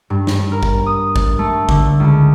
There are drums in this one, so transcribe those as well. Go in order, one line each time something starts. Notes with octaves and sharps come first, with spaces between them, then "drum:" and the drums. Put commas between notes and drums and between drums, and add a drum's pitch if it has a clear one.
G2
drum: snare
A#4
drum: kick G#1
D#6
drum: kick G#1
A3
D3, drum: kick G#1
C#2